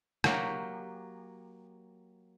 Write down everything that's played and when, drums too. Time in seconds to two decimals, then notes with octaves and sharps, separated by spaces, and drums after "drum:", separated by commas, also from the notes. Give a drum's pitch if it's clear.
0.24 F#3 A#3 F#4 G4, drum: rim click